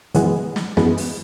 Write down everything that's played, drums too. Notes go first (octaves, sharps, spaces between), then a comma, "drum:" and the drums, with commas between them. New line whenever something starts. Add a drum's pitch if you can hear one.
F#2 E3 G#3 B3, drum: hi-hat
drum: snare
F#2 E3 G#3 B3, drum: snare
drum: open hi-hat